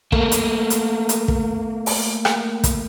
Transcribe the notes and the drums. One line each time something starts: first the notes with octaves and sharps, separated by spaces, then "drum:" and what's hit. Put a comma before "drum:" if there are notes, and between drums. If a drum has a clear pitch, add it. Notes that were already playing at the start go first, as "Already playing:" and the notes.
A3 A#3, drum: kick
drum: hi-hat
drum: hi-hat
drum: hi-hat
drum: kick
drum: open hi-hat
drum: rim click
drum: kick, hi-hat